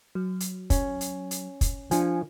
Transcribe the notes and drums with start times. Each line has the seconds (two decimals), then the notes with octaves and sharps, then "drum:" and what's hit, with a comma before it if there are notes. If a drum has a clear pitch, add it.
0.15 F#3
0.40 drum: hi-hat
0.70 C#4, drum: kick, hi-hat
1.01 drum: hi-hat
1.31 drum: hi-hat
1.61 drum: kick, hi-hat
1.91 F3 D4 G#5, drum: hi-hat